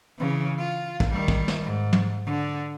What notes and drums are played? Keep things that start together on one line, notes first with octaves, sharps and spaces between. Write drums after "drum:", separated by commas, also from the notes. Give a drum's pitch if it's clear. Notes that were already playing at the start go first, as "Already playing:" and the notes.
C#3 E3
F4
drum: kick
D#3 G3
drum: kick
drum: snare
G#2
drum: tom
D3